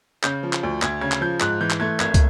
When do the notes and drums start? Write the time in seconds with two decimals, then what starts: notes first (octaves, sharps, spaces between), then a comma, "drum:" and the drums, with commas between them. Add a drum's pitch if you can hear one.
0.23 C#3 G6, drum: clap
0.43 F3
0.53 drum: clap
0.63 D2
0.82 D2 G#6, drum: clap
1.01 C#3 G#6
1.12 drum: clap
1.21 F3 G6
1.40 G#2 F#6, drum: clap
1.61 E3 G6
1.70 drum: clap
1.80 A3 G#6
2.00 G#1 G#6, drum: clap
2.14 drum: kick, hi-hat